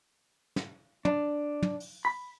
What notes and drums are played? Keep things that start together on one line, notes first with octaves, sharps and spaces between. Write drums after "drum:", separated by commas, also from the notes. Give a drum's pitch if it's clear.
drum: snare
D4, drum: tom
drum: tom
drum: open hi-hat
B5